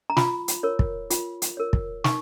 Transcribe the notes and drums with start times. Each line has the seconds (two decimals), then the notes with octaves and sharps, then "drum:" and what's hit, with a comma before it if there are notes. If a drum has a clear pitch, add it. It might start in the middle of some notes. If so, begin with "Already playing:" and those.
0.10 A#5
0.17 F4 B5, drum: snare
0.48 drum: hi-hat
0.63 A#4 C#5
0.79 drum: kick
1.10 F4, drum: hi-hat
1.42 drum: hi-hat
1.57 A#4 C#5
1.73 drum: kick
2.04 D#4 C#6, drum: snare